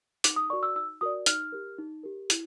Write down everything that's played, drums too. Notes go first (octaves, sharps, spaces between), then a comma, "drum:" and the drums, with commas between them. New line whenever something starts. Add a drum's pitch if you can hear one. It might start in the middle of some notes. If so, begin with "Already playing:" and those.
D#4 D6, drum: hi-hat
D#6
F#4 A#4 D5 C#6
E6
D#4 E6
F#4 A#4 D5 D#6
D#4 F6, drum: hi-hat
G4 A#4
D#4
G4 A#4
E4, drum: hi-hat